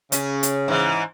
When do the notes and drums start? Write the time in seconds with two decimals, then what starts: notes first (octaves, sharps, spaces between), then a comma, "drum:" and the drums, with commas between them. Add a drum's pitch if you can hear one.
0.12 C#3 C#4, drum: hi-hat
0.43 drum: hi-hat
0.68 G#2 E3